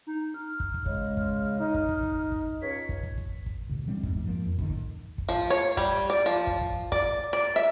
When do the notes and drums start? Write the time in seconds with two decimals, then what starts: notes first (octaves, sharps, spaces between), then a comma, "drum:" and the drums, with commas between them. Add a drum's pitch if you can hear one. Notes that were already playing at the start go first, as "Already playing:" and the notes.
0.07 D#4
0.34 F6
0.60 drum: kick
0.74 drum: kick
0.86 C#3 G#3, drum: kick
1.17 drum: kick
1.60 D#4
1.74 drum: kick
1.89 drum: kick
2.03 drum: kick
2.32 drum: kick
2.61 C#2 C#4 C#5 B6
2.89 drum: kick
3.03 drum: kick
3.18 drum: kick
3.46 drum: kick
3.70 D2 A#2
3.87 E3 G3 C4 D4
4.03 E2 G#2, drum: kick
4.25 F3 A#3
4.46 F2
4.59 A1 D2 D3 D#3, drum: kick
5.18 drum: kick
5.29 F3
5.50 C#5
5.77 G3, drum: kick
6.10 D5
6.26 F3
6.47 drum: kick
6.61 drum: kick
6.92 D5, drum: kick
7.33 D5
7.56 E5